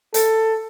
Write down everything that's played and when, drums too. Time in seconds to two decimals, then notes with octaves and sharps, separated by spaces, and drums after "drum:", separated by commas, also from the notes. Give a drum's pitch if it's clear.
0.14 A4, drum: hi-hat